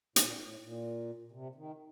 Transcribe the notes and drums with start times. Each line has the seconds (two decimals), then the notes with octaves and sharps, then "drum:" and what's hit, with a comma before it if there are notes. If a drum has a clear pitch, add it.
0.16 A#2, drum: hi-hat
0.39 A2
0.62 A#2
1.32 C3
1.55 D#3